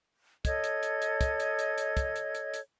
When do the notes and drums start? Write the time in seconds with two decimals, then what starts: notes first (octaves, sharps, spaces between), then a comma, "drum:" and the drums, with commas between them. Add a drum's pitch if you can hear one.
0.45 A4 C#5 D#5 G#6, drum: kick, hi-hat
0.64 drum: hi-hat
0.83 drum: hi-hat
1.02 drum: hi-hat
1.21 drum: kick, hi-hat
1.40 drum: hi-hat
1.59 drum: hi-hat
1.78 drum: hi-hat
1.97 drum: kick, hi-hat
2.16 drum: hi-hat
2.35 drum: hi-hat
2.54 drum: hi-hat